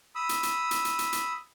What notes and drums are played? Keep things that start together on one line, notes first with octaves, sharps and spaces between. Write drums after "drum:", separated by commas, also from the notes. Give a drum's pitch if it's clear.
B5 D#6 E6
drum: hi-hat
drum: hi-hat
drum: hi-hat
drum: hi-hat
drum: hi-hat
drum: hi-hat